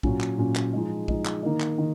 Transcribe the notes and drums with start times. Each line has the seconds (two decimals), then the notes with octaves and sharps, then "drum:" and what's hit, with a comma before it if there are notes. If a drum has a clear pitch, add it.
0.03 A#2 F#3 C#4, drum: kick A#1
0.21 drum: clap
0.38 A#2 F#3 C#4
0.56 drum: clap
0.73 F3 G#3 D#4
1.08 F3 G#3 D#4, drum: kick A#1
1.26 drum: clap
1.43 D#3 A#3 D#4
1.60 drum: clap
1.78 D#3